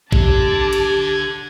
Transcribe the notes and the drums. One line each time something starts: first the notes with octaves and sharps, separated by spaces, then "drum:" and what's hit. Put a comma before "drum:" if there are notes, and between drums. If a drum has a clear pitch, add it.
D3 G4 A5 D6 G#6, drum: kick
drum: cymbal